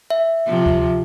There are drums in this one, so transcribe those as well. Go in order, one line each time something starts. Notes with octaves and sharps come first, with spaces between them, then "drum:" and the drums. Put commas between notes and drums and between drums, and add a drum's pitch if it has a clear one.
E5
C3 F3
drum: kick D2